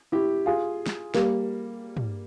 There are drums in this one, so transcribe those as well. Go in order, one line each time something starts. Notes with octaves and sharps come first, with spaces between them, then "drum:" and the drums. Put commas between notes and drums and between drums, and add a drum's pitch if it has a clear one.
E4 G4
F4 G#4
drum: snare
G3 A#3, drum: snare
drum: tom